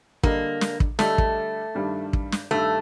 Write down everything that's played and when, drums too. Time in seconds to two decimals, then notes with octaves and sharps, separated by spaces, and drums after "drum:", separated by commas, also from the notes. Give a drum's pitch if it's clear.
0.23 D3 G3 A#3 D4 A4 D#5, drum: kick
0.61 drum: snare
0.80 drum: kick
0.99 D3 G3 A3 D4 A4 D#5, drum: snare
1.18 drum: kick
1.75 G2 D#3 G3 D4
2.13 drum: kick
2.32 drum: snare
2.51 G2 D#3 G3 A3 D4